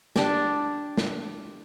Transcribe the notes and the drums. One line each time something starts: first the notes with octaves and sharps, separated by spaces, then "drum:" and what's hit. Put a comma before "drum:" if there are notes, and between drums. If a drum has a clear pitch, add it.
D4 G4, drum: snare
drum: snare